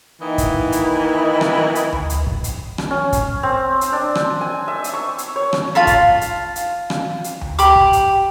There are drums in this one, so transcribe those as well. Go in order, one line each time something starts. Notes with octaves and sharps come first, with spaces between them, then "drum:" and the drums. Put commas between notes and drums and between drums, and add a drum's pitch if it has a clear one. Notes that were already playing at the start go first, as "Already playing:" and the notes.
D#3 E3 A#3 D#4 E4 D#5
drum: kick, hi-hat
drum: hi-hat
drum: rim click
drum: hi-hat
drum: tom D2
drum: hi-hat
drum: kick
drum: hi-hat
drum: rim click
C#4
drum: kick, hi-hat
C4
drum: hi-hat
D4
drum: rim click
G#5
E5
drum: hi-hat
C#6
drum: hi-hat
C#5
drum: rim click
F4 F5 A5 B5
drum: kick, hi-hat
drum: hi-hat
drum: hi-hat
drum: rim click
drum: hi-hat
drum: tom D2
G4 B5 D6, drum: hi-hat
drum: kick
drum: hi-hat